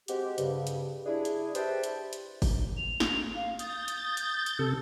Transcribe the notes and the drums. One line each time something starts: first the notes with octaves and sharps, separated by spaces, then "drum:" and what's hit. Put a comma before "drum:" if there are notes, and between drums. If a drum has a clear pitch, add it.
G#3 C4 F#4 G4, drum: hi-hat
G2 C#3, drum: hi-hat
drum: hi-hat
D4 E4 G#4
drum: hi-hat
G4 B4 C5 E5 G5 A5, drum: hi-hat
drum: hi-hat
drum: hi-hat
drum: kick G1, open hi-hat
F7
drum: snare
F5
D#6 G6 A6, drum: hi-hat
drum: hi-hat
drum: hi-hat
drum: hi-hat
C3 A4